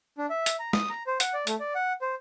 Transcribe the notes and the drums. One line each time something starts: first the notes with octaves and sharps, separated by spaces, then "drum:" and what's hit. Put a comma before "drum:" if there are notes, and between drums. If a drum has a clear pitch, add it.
D4
E5
drum: hi-hat
A#5
D#6, drum: snare
A#5
C5
F#5, drum: hi-hat
D5
A3, drum: hi-hat
D5
F#5
C5